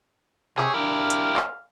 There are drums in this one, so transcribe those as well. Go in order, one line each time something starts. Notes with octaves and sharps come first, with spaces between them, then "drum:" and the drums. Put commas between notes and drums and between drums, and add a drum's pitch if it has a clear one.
C3 G4 G#4 C#5 C#6 E6, drum: clap
D4 E4 G4 A#4 F5
drum: hi-hat
drum: clap